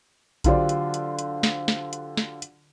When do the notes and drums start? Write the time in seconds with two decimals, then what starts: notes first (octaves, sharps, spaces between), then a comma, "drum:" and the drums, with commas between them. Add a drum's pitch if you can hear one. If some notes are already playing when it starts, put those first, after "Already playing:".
0.44 D3 F#3 F4 G4 C5 D5, drum: kick A#1, hi-hat
0.69 drum: hi-hat
0.94 drum: hi-hat
1.19 drum: hi-hat
1.43 drum: snare
1.68 drum: snare
1.93 drum: hi-hat
2.17 drum: snare
2.42 drum: hi-hat